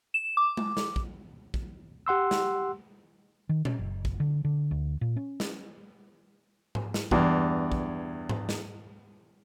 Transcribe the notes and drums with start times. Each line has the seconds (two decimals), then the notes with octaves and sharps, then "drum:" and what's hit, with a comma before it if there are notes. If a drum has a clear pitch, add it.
0.14 E7
0.37 D6
0.57 drum: tom G#3
0.77 drum: snare
0.96 drum: kick
1.54 drum: kick
2.07 G4 F#5 C6 E6
2.31 drum: snare
3.49 D#3
3.65 C#4, drum: tom A#2
3.79 F#1
4.05 drum: kick
4.20 D3
4.45 D3
4.71 D2
5.01 A#2
5.16 C#4
5.40 drum: snare
6.75 drum: tom G#2
6.94 drum: snare
7.11 E2 G2, drum: kick
7.72 drum: kick
8.29 drum: tom G#2
8.49 drum: snare